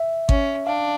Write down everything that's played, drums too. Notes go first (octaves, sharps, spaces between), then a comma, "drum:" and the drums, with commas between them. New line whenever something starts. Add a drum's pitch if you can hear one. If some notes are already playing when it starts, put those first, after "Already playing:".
Already playing: E5
C#4, drum: kick G#1
D4 F5